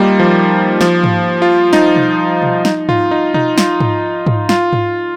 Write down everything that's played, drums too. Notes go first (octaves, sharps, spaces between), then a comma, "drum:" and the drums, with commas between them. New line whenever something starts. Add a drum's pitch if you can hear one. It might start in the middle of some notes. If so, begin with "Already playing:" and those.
Already playing: G3 A#3 D#4 F4
F3
F3, drum: snare
drum: tom G#2
F4
D#4, drum: snare
drum: tom B2
drum: tom B2
D#4, drum: snare
F4, drum: tom G#2
D#4
D#4, drum: tom B2
F4, drum: snare
drum: tom G#2
drum: tom G#2
F4, drum: snare
drum: tom G#2